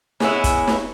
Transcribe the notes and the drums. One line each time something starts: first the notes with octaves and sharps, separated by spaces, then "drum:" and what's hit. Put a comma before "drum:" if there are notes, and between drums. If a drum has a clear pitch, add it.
G#3 B3 C#4 E4, drum: snare
drum: kick, hi-hat
drum: snare